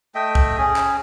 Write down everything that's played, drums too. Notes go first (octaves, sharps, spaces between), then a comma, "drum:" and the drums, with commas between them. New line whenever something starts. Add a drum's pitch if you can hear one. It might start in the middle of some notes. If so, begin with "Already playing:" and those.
A3 D#5 E5 G5
drum: kick C2
C#4 G#4
drum: clap